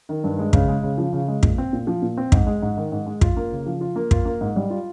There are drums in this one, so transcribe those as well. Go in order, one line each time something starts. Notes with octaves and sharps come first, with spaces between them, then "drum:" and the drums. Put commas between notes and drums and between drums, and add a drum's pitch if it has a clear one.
D#3
G2
G#3
C#3, drum: kick
G#3
C#3
F3
C#3
G#3
A#2, drum: kick
C4
A#2
F3
A#2
C4
G#2, drum: kick
G#3
G#2
D#3
G#2
G#3
F4, drum: kick
A#3
C#3
F3
F4
A#3
F4, drum: kick
A#3
G#2
G3
F4